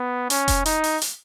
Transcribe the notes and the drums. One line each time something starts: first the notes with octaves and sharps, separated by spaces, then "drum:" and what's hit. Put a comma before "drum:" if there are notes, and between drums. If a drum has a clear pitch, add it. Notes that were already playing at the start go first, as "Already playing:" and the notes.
Already playing: B3
C#4, drum: hi-hat
drum: kick F1, hi-hat
D#4, drum: hi-hat
drum: open hi-hat
drum: hi-hat